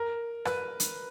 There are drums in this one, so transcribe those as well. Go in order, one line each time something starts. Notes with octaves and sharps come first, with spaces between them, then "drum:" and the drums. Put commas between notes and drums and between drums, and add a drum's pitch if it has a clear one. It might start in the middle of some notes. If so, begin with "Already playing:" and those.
Already playing: A#4
B4, drum: rim click
drum: hi-hat